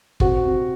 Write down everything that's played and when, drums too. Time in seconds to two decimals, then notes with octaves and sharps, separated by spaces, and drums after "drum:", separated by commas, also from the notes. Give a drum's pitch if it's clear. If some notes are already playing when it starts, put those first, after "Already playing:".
0.20 C4 F#4, drum: kick
0.43 C3